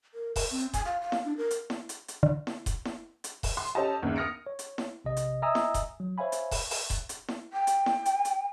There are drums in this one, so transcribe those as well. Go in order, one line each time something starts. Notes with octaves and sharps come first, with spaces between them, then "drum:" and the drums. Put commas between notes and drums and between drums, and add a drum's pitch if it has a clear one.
A#4
A#4, drum: kick D#1, open hi-hat
C4
G#5, drum: kick D#1, hi-hat
F5
F5
drum: snare E4
D4
A#4
drum: hi-hat
drum: snare E4
drum: hi-hat
drum: hi-hat
D3
drum: snare E4
drum: kick D#1, hi-hat
drum: snare E4
drum: hi-hat
drum: kick D#1, open hi-hat
C6
C#4 G4 A4 D#5 A5
G1 D#2 C#3
D#6 F6 A#6 C#7 D7
C#5
drum: hi-hat
drum: snare E4
A#1 C3 D#5
drum: hi-hat
D#5 E5 G#5 A#5 D#6 E6
drum: snare E4
drum: kick D#1, hi-hat
F#3
C5 C#5 E5 F5 G#5 B5
drum: hi-hat
drum: kick D#1, open hi-hat
drum: open hi-hat
drum: kick D#1, hi-hat
drum: hi-hat
drum: snare E4
G5
drum: hi-hat
drum: snare E4
drum: hi-hat
drum: hi-hat